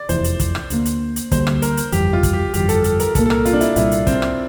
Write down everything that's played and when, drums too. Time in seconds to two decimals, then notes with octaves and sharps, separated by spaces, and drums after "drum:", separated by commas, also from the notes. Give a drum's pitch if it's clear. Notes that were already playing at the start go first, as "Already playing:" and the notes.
Already playing: D5
0.09 F1 E2 E3 C5, drum: hi-hat
0.24 drum: hi-hat
0.40 drum: kick, hi-hat
0.55 drum: rim click
0.70 D2 D3 G3 A#3, drum: hi-hat
0.85 drum: hi-hat
1.16 drum: hi-hat
1.32 D2 D3 G3 A#3 C5, drum: kick, hi-hat
1.47 drum: rim click
1.62 A#4, drum: hi-hat
1.77 drum: hi-hat
1.92 G1 F2 E3 G3 G4, drum: hi-hat
2.13 F4
2.23 drum: kick, hi-hat
2.33 G4
2.54 G1 F2 E3 G3 G4, drum: hi-hat
2.69 A4, drum: hi-hat
2.84 A4, drum: hi-hat
3.00 A#4, drum: hi-hat
3.15 C2 A#2 G3 A#3 A4, drum: kick, hi-hat
3.26 A4
3.30 A#4, drum: rim click
3.45 F4, drum: hi-hat
3.53 D4
3.61 E4, drum: hi-hat
3.76 C2 A#2 G3 A#3 E4, drum: hi-hat
3.92 drum: hi-hat
4.07 C4, drum: kick, hi-hat
4.22 drum: rim click